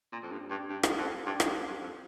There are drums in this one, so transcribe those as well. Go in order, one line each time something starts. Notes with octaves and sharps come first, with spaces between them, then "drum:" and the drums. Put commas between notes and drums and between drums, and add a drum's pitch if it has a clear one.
A#2
F2
G2
G2
G2
drum: rim click
F2
G2
G2, drum: rim click
F2
G2
F2